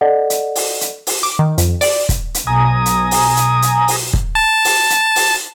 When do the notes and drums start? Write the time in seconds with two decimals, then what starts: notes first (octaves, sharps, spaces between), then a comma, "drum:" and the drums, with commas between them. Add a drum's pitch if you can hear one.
0.01 A4 D5 D#5 F#5
0.30 drum: hi-hat
0.55 drum: open hi-hat
0.81 drum: hi-hat
1.07 drum: open hi-hat
1.23 D6
1.39 D#3
1.58 F2, drum: hi-hat
1.81 D5, drum: open hi-hat
2.09 drum: kick, hi-hat
2.34 drum: hi-hat
2.47 B1 G#5 A#5 D#6
2.86 drum: hi-hat
3.11 drum: open hi-hat
3.37 drum: hi-hat
3.62 drum: hi-hat
3.88 drum: open hi-hat
4.13 drum: kick
4.35 A5
4.65 drum: open hi-hat
4.90 drum: hi-hat
5.16 drum: open hi-hat